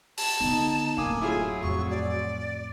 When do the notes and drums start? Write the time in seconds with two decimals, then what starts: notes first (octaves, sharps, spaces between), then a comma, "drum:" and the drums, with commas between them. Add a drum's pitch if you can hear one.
0.18 A5, drum: open hi-hat
0.40 D3 B3 D#4
0.97 D1 F#2 A#3 F5 G#5 D6 D#6
1.21 F#3 E4 F4 G#4
1.63 F2 A2 C#6
1.90 D5